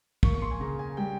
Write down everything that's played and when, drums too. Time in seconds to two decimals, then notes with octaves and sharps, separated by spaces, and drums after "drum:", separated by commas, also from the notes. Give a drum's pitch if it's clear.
0.23 A#3 C#6, drum: kick
0.34 C#6
0.42 C6
0.51 G#5
0.60 C#3 A#5
0.79 G#5
0.97 G3 G5